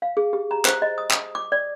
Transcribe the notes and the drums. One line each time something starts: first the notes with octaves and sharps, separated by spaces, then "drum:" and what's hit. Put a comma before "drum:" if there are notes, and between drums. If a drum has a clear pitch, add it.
F5
G#4
G4
A#5
C5, drum: clap
D#5
D#6
D#6, drum: clap
D6
D5